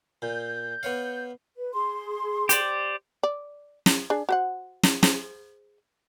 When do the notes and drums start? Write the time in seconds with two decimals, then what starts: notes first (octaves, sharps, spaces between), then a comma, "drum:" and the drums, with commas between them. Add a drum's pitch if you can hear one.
0.22 A#2 G6
0.83 B3 C#5 F5
1.56 B4
1.74 G#4 C6
2.49 G4 C5 D5, drum: hi-hat
3.23 D5
3.86 drum: snare
4.10 D4 G#4
4.29 F#4 C5 F#5
4.83 drum: snare
5.03 G#4 C5, drum: snare